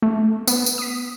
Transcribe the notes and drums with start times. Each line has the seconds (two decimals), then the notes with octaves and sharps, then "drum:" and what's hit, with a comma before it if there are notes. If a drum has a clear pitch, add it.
0.02 A3
0.47 B3, drum: tambourine
0.66 drum: tambourine
0.78 D#6 B6